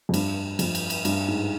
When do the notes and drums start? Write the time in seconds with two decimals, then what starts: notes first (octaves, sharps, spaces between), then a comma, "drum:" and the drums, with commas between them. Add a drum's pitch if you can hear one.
0.09 F2
0.14 G2, drum: cymbal
0.59 F2, drum: cymbal
0.75 drum: cymbal
0.90 drum: cymbal
1.05 G2, drum: cymbal
1.28 G#2